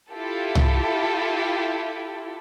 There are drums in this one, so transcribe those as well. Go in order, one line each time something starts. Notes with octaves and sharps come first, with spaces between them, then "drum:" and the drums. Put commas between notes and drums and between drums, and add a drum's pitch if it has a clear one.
E4 F4 G4 A4
drum: tom